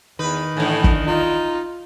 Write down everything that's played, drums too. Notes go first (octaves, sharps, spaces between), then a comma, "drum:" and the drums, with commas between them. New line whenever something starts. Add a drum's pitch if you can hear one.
E2 D#3 B4
A2 D3 E3
drum: kick
D#4 F4